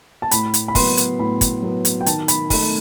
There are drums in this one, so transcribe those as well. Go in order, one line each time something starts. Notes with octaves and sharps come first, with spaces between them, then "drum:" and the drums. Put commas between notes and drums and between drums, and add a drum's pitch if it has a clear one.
A5
A2 B5, drum: hi-hat
drum: hi-hat
B5
F#3 B3 C6, drum: kick, open hi-hat
drum: hi-hat
A2 B5
drum: kick, hi-hat
F#3 B3
drum: hi-hat
G5
D#3 A5, drum: hi-hat
B5, drum: hi-hat
A3 D#4 B5, drum: kick, open hi-hat